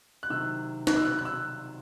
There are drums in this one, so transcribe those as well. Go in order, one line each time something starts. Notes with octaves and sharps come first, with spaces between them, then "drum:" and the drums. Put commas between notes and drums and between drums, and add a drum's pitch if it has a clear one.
F#6
C3 D#3 F#3 E6
F#6, drum: snare
E6
F#6
F#6
E6